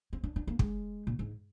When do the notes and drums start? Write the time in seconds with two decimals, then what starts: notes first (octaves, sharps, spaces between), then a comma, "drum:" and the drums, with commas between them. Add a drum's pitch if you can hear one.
0.13 C4
0.24 D4
0.36 D4
0.47 A#3
0.59 G#3, drum: kick
1.07 A#2
1.19 G#2